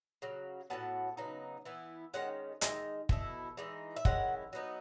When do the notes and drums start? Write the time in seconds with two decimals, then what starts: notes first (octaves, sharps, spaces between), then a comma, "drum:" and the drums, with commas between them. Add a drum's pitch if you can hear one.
0.22 C#3 F#3
0.70 A2 F#3 B3 F#5 A5
1.17 C#3 F#3 B3 D#4
1.65 E3 B3 E4
2.14 D#3 G#3 C#4 F#5
2.61 D#3 G#3 D#4 E5 G#5, drum: hi-hat
3.09 B2 A3 E4, drum: kick
3.57 E3 G#3 D#4
3.96 E5
4.05 D#3 G#3 C#4 E4 F#5, drum: kick
4.53 F#3 B3 D#4